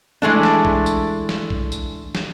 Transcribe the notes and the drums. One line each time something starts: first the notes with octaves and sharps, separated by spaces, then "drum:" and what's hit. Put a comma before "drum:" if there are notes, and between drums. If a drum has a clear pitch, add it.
E3 G#3 A3 D4
drum: snare
drum: kick
drum: tambourine
drum: snare
drum: kick
drum: tambourine
drum: snare